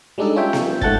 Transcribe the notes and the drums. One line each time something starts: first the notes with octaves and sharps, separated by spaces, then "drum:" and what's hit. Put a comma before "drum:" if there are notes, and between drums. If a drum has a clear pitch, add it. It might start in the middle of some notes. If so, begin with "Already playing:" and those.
G3 G#3 D4 D#4 A4
C#4 F4 C#5 E5 G5
drum: snare B3
G#2 A3 F#5 A5 G6 A6, drum: kick